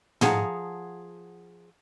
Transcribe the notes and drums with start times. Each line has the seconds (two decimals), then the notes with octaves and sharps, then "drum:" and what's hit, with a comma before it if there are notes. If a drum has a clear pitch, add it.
0.21 F3 G#4 F#5 A5 A#5, drum: tom